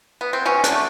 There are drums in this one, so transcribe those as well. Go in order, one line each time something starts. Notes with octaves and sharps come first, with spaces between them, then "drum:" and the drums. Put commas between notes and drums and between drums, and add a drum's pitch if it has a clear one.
B3
C4
B2 C#4
D4, drum: hi-hat
A3